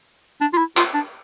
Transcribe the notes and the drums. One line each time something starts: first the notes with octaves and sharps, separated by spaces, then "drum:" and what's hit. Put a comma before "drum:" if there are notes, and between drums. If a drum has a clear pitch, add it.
D4
F4
E4
F4, drum: clap
D4